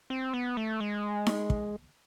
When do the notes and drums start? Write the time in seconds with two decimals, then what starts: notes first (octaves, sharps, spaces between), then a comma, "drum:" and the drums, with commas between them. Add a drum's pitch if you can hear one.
0.10 C4
0.34 B3
0.57 A3
0.80 G#3
1.27 drum: snare D#4
1.50 drum: kick